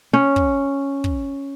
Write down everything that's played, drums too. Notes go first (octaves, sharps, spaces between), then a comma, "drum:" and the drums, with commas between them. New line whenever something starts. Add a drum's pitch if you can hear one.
C#4
drum: kick
drum: kick